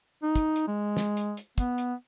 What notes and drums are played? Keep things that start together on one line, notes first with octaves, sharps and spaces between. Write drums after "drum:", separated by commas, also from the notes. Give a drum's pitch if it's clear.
D#4
drum: kick, hi-hat
drum: hi-hat
G#3
drum: snare
drum: hi-hat
drum: hi-hat
B3, drum: kick, hi-hat
drum: hi-hat